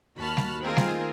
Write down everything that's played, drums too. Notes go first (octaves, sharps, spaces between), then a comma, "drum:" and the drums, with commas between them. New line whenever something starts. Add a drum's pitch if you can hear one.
D#2 D#3 F#4 A5 B5 F6
drum: snare G3
D#3 A3 C4 F4 G#4 A#4
drum: snare G3